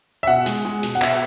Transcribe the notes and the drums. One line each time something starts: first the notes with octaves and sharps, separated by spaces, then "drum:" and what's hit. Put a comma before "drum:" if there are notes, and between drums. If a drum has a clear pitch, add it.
E5
B2 F#5
G#3, drum: hi-hat
G#3
B2, drum: hi-hat
F#5
B2 E5, drum: clap